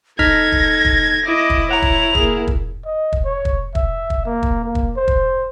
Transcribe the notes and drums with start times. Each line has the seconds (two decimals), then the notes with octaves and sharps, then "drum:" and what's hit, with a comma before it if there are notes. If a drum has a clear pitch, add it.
0.19 D#4 A4 F6 G#6 A#6 B6, drum: kick
0.52 drum: kick
0.85 drum: kick
1.26 E4 D#5 D6
1.50 drum: kick
1.71 C#5 F#5 A#5 F7
1.82 drum: kick
2.15 A#3 G#4, drum: kick
2.47 drum: kick
2.85 D#5
3.13 drum: kick
3.25 C#5
3.45 drum: kick
3.75 E5, drum: kick
4.10 drum: kick
4.26 A#3
4.43 drum: kick
4.64 A#3
4.75 drum: kick
4.97 C5
5.08 drum: kick